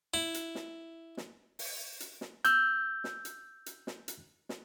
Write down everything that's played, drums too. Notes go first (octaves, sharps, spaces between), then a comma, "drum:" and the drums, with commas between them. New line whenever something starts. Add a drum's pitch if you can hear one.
E4
drum: hi-hat
drum: snare
drum: snare
drum: open hi-hat
drum: hi-hat
drum: snare
E6 G6, drum: hi-hat
drum: snare
drum: hi-hat
drum: hi-hat
drum: snare
drum: hi-hat
drum: snare